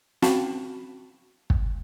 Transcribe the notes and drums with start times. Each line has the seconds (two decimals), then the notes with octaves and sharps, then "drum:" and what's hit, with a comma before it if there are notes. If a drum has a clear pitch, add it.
0.22 C4 C#4 F#4 F5 A5 B5, drum: snare
1.50 drum: kick